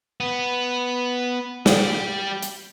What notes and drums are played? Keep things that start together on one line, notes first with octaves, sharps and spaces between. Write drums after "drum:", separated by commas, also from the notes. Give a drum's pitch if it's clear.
B3
G3 G4, drum: snare
drum: hi-hat